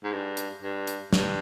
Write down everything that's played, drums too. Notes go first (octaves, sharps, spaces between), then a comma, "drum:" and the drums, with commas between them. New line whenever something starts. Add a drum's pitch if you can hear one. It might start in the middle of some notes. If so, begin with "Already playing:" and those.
G#2
G2
drum: hi-hat
G2
drum: hi-hat
G2, drum: snare